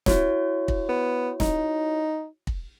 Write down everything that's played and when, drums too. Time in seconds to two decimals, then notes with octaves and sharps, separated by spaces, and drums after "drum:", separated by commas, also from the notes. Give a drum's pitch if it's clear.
0.06 E4 F#4 C#5, drum: snare
0.68 drum: kick
0.89 B3
1.40 D#4, drum: snare
2.47 drum: kick